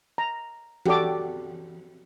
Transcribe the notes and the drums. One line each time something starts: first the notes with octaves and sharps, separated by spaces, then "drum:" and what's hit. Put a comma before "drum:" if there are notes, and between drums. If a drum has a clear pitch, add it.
A#5
F#4 G4 A4 D5 D6, drum: tom E3